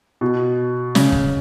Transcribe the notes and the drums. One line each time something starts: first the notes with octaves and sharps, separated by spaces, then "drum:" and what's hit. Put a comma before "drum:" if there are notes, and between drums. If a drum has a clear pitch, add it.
B2
C#3, drum: snare
drum: kick